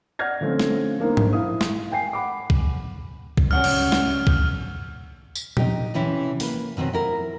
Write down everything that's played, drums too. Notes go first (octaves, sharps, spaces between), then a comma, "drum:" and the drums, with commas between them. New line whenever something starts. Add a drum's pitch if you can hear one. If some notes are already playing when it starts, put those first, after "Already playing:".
D5 F#5 F6 G#6 A#6
D3 F3 A3 C4 C#4
drum: snare
A#3 D4 D#4 A#4 C5
drum: tom G#2
E4 F5 D#6
drum: snare
G5 G#5 C7
F#5 B5 D6
drum: kick
drum: kick
C#2 F#2 G3 C#4 F#5 F6
drum: cymbal
drum: snare
drum: kick
drum: tambourine
D#4 G4, drum: tom A#2
C3 E3 C#4 E4
A#3 B4, drum: open hi-hat
B2 D#3 C4 C#4
E4 A#4